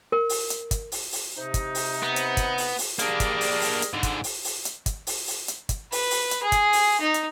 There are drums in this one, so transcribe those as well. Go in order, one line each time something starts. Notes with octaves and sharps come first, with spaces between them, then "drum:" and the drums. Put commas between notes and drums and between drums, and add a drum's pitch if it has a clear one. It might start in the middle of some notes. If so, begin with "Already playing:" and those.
A#4
drum: open hi-hat
drum: hi-hat
drum: kick, hi-hat
drum: open hi-hat
drum: open hi-hat
C3 D#4
drum: kick, hi-hat
drum: open hi-hat
B3
drum: hi-hat
drum: kick, hi-hat
drum: open hi-hat
drum: open hi-hat
G3 A#3 D4 G#4 A#4, drum: hi-hat
drum: kick, hi-hat
drum: open hi-hat
drum: open hi-hat
drum: hi-hat
G#2 D3
drum: kick, hi-hat
drum: open hi-hat
drum: open hi-hat
drum: hi-hat
drum: kick, hi-hat
drum: open hi-hat
drum: open hi-hat
drum: hi-hat
drum: kick, hi-hat
B4, drum: open hi-hat
drum: open hi-hat
drum: hi-hat
G#4
drum: kick, hi-hat
drum: open hi-hat
D#4
drum: hi-hat